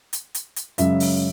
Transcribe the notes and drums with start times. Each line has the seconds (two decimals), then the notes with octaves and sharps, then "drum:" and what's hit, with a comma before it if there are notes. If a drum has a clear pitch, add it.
0.13 drum: hi-hat
0.35 drum: hi-hat
0.56 drum: hi-hat
0.78 F#2 C#3 G#3 E5, drum: hi-hat
1.00 drum: open hi-hat